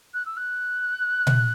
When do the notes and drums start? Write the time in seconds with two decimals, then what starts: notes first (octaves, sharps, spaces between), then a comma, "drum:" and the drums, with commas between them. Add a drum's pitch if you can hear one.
0.14 F#6
0.26 E6
0.37 F#6
1.27 drum: tom A#2